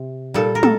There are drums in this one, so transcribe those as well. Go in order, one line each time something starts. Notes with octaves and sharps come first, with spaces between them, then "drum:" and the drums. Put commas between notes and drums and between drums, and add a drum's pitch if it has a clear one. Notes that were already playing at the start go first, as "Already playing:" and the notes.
Already playing: C3
A#2 G3 A4
A#4
A4, drum: tom